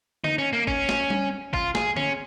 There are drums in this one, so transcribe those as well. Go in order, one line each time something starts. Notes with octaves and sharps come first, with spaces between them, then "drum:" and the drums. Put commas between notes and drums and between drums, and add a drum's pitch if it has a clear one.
D#4, drum: tom D3
C#4
A#3
C#4, drum: kick
drum: snare
drum: tom G3
F4, drum: kick
G#4, drum: snare
C#4, drum: tom D3